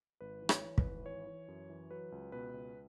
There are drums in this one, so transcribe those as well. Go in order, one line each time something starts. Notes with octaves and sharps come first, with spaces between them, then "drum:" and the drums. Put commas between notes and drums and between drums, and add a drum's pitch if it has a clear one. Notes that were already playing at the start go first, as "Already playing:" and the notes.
G#1 B4
E3
C#5, drum: rim click
E3
B4, drum: kick
G#1
E3 C#5
E3
F#2
E3
F#3 B4
C#2
B2 B4
C#2